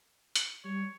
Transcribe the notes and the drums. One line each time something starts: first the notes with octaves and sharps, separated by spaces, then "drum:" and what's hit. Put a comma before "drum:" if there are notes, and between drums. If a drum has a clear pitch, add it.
drum: hi-hat
G3 C#5